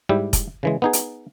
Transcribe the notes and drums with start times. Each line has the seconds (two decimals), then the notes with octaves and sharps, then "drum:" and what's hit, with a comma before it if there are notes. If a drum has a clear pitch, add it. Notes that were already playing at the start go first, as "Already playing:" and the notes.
0.09 G#2 G3 E4 G4
0.33 drum: kick F1, hi-hat
0.63 C#3 E3 G#3
0.82 B3 D#4 G#4
0.93 drum: hi-hat